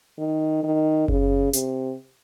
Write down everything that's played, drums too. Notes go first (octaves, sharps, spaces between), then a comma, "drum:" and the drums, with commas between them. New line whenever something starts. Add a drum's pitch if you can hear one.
D#3
D#3
C#3, drum: kick F#1
C3, drum: hi-hat